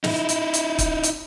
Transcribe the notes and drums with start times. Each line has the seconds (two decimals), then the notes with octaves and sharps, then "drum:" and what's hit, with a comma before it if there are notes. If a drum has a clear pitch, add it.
0.04 D#4 E4, drum: snare
0.29 drum: hi-hat
0.54 drum: hi-hat
0.79 drum: kick, hi-hat
1.03 drum: hi-hat